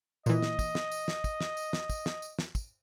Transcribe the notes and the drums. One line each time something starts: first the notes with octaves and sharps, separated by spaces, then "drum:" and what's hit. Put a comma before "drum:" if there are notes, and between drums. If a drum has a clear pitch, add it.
A#2 E3 D#5, drum: tambourine
drum: snare
drum: kick, tambourine
drum: snare
drum: tambourine
drum: snare
drum: kick, tambourine
drum: snare
drum: tambourine
drum: snare
drum: kick, tambourine
drum: snare
drum: tambourine
drum: snare
drum: kick, tambourine